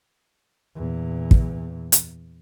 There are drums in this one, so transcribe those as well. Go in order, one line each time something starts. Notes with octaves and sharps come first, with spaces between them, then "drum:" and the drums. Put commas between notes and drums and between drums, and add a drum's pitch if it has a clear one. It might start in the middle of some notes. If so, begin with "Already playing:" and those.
E2 A#2
drum: kick
drum: hi-hat